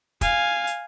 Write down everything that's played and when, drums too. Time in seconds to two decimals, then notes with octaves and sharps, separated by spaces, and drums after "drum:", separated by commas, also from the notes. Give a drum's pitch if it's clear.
0.21 F5 G#5, drum: kick, hi-hat
0.67 drum: hi-hat